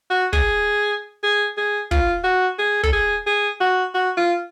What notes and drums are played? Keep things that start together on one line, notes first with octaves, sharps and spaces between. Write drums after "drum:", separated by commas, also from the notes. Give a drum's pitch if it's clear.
F#4
G#4, drum: kick
G#4
G#4
F4, drum: kick
F#4
G#4
A4, drum: kick
G#4
G#4
F#4
F#4
F4